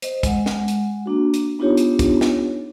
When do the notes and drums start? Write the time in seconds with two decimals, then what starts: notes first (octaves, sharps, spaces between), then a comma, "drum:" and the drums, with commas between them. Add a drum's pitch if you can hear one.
0.02 C5 D#5, drum: hi-hat
0.23 G#3 F#5, drum: kick, hi-hat
0.46 drum: snare
0.68 drum: hi-hat
1.06 A#3 D4 F#4
1.34 drum: hi-hat
1.59 B3 D4 D#4 F4 G4 C#5
1.77 drum: hi-hat
1.99 drum: kick, hi-hat
2.21 drum: snare